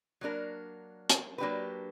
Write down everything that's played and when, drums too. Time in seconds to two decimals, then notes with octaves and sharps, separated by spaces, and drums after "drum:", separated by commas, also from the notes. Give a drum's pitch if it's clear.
0.21 F#3 A#3 D4 A#4
1.10 drum: hi-hat
1.38 F#3 A#3 D4 G4 B4